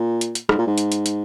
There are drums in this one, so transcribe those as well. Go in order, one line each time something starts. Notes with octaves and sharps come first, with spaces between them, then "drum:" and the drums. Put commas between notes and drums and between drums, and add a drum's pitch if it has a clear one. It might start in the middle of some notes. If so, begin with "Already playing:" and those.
Already playing: A#2
drum: hi-hat
drum: hi-hat
G#2, drum: rim click
A#2
G#2
drum: hi-hat
drum: hi-hat
drum: hi-hat